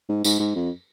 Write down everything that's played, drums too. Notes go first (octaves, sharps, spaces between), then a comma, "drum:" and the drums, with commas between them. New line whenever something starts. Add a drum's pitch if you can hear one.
G#2
G#2, drum: tambourine
G#2
F2